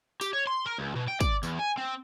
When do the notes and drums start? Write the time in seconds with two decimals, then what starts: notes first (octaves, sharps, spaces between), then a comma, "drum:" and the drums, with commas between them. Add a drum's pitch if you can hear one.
0.21 G4, drum: tambourine
0.33 C#5
0.47 C6
0.66 A#4
0.79 C#2
0.96 B2
1.08 G5
1.21 D5, drum: kick, tambourine
1.43 E2, drum: tambourine
1.59 G#5
1.78 C4